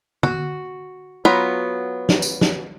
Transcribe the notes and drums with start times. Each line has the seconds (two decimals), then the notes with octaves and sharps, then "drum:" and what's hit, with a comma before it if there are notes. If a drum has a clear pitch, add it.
0.23 F#4, drum: tom
1.25 F#3 B3 F4 A#5 B5
2.09 drum: snare
2.22 drum: tambourine
2.41 drum: snare